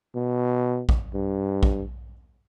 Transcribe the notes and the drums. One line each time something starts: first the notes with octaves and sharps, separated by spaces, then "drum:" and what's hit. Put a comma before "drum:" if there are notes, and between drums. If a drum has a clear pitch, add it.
B2
drum: kick A#1
G2
drum: kick A#1